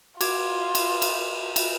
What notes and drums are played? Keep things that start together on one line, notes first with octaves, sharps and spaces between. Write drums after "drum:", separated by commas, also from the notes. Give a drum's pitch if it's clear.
F4 F#4 D6 G#6, drum: cymbal
drum: cymbal
drum: cymbal
drum: cymbal